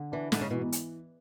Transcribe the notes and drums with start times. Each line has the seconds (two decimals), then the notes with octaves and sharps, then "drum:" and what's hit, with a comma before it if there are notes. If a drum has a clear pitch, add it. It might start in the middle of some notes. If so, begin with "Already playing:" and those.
Already playing: D3
0.12 E3 D4
0.32 G#2 D3, drum: snare
0.41 C#3
0.51 B2 E3
0.72 drum: hi-hat